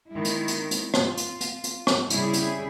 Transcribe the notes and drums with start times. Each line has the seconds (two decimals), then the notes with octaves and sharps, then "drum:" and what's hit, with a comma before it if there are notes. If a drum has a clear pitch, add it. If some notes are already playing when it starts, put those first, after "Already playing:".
0.11 D#3 G#3 E4
0.25 drum: hi-hat
0.48 drum: hi-hat
0.71 drum: hi-hat
0.94 F4, drum: rim click
1.17 drum: hi-hat
1.41 drum: hi-hat
1.64 drum: hi-hat
1.87 drum: rim click
2.10 C#3 G3 E4 G#4, drum: hi-hat
2.33 drum: hi-hat